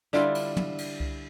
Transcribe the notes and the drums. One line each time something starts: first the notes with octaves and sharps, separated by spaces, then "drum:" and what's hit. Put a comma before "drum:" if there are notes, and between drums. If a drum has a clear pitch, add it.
D3 G3 E4 F4, drum: snare
drum: cymbal
drum: tom
drum: cymbal
drum: kick C2